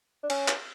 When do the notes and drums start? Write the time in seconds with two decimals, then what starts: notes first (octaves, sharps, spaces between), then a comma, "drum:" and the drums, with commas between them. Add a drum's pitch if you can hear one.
0.23 D4
0.30 C#4, drum: cymbal
0.48 drum: clap